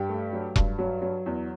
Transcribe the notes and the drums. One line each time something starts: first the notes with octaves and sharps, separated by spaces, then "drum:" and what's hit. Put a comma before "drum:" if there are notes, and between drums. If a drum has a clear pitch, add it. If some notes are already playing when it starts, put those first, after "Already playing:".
Already playing: G2 G4
A3
F#3
G2, drum: kick E1
F#3
F#3
E2